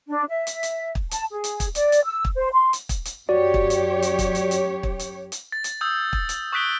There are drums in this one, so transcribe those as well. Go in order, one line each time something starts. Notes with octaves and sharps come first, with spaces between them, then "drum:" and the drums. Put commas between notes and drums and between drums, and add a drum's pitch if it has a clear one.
D4
E5
drum: hi-hat
drum: hi-hat
drum: kick
A5, drum: hi-hat
G#4
drum: hi-hat
drum: kick, hi-hat
D5, drum: hi-hat
drum: hi-hat
E6
drum: kick
C5
C6
drum: hi-hat
drum: kick, hi-hat
drum: hi-hat
F#2 F#4 G4 C#5 D5
drum: kick
drum: hi-hat
drum: hi-hat
drum: kick, hi-hat
drum: hi-hat
drum: hi-hat
drum: kick
drum: hi-hat
drum: hi-hat
A6
drum: hi-hat
D#6 E6 G6
drum: kick
drum: hi-hat
C#6 D#6 F#6 B6 D7 G7